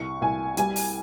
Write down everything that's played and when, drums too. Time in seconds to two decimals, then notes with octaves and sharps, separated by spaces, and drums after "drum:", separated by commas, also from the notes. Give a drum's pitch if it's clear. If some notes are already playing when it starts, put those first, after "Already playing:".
Already playing: C2 C#6
0.21 C2 G#5
0.57 G3 G#5, drum: hi-hat
0.76 drum: open hi-hat